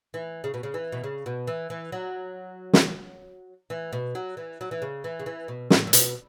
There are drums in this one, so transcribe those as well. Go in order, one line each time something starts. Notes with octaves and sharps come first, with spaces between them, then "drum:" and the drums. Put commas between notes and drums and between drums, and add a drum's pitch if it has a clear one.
E3
C#3
B2
C#3
E3
B2
C#3
B2
E3
E3
F#3
drum: snare
E3
B2
F#3
E3
F#3
E3
C#3
E3
C#3
E3
B2
A2, drum: snare
A2
B2, drum: hi-hat